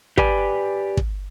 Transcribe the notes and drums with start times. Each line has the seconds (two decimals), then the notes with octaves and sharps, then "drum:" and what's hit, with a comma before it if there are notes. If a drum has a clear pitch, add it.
0.18 G4 B4 D5 G#5, drum: kick
0.97 drum: kick